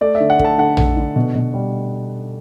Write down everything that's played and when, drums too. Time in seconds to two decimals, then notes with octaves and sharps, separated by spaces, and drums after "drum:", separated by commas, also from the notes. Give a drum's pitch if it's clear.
0.01 A3 D5
0.15 E5
0.20 D3
0.30 F#5
0.39 A3, drum: kick
0.45 A5
0.58 D3 F#5
0.77 A3, drum: tom A#1
0.97 D3
1.16 B2
1.35 B2
1.54 G3